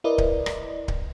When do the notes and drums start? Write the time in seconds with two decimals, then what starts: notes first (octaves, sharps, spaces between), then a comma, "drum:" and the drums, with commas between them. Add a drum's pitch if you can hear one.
0.04 E4 A#4 B4 D5 D#5
0.18 drum: kick D1
0.46 drum: rim click
0.88 drum: kick D1